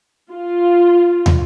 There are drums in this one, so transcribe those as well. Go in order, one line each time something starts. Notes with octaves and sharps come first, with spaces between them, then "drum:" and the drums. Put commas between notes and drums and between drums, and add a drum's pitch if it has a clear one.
F4
drum: tom